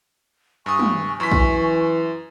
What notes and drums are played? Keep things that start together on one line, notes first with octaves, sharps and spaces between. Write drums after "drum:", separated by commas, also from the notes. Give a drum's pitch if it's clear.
G2 G#5 C#6 D#6
drum: tom
F#2 E3 B6
drum: kick